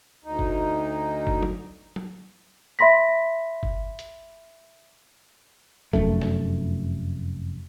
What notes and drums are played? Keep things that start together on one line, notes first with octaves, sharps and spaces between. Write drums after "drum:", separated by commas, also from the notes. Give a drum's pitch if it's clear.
D2 D#4
drum: kick F#1
drum: kick F#1
drum: tom F#3
drum: tom F#3
E5 B5 C6 A#6 B6
drum: kick F#1
drum: hi-hat
F1 F#2 A3, drum: kick F#1
drum: snare